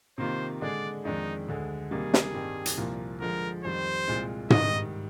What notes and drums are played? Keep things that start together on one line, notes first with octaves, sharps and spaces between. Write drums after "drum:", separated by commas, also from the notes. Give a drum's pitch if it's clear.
C3 D#3 A#3 F4 C5
D3 G#3 D4 G#4 D5
F2 D#3 G#3 D4 D#4
D2 D3 G#3
C3 D#3 G3 A#3 G#4
drum: snare
G2 D#3 G3 C4 G4
drum: hi-hat
C2 A#2 F3 A#3
D3 F3 G#3 A#4
F2 D#3 G3 C5
C2 A#2 G#3 C4 F4
G#2 D#3 G3 D#5, drum: tom